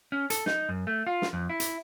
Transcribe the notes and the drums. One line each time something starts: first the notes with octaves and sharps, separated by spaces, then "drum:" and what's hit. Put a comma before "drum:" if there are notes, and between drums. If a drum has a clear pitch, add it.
C#4
A4, drum: hi-hat
D#4, drum: snare
F#2
A3
F4
drum: snare
F2
E4
drum: hi-hat